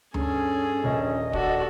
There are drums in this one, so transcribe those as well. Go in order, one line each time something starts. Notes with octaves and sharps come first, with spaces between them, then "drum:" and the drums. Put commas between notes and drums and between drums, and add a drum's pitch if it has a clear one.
G2 C#4 G#4 A4, drum: tom D2
D#1 A#1 D3 C#4 D#5
D4 F#4 A4, drum: kick